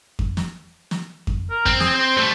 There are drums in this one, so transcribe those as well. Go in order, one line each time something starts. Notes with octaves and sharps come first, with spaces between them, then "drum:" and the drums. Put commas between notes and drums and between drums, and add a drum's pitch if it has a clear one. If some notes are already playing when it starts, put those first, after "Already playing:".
drum: kick F2
drum: snare
drum: snare
drum: kick F2
A#4
C4, drum: kick F2
G#4, drum: snare
C5
G3 A3